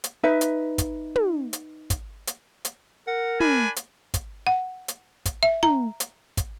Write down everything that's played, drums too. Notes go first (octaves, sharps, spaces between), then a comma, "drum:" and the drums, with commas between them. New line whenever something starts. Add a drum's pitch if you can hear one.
drum: hi-hat
D#4 B4 E5
drum: hi-hat
drum: kick, hi-hat
drum: tom
drum: hi-hat
drum: kick, hi-hat
drum: hi-hat
drum: hi-hat
A#4 F#5
D4 G#5 B5, drum: tom
drum: hi-hat
drum: kick, hi-hat
F#5
drum: hi-hat
drum: kick, hi-hat
E5
A#5, drum: tom
drum: hi-hat
drum: kick, hi-hat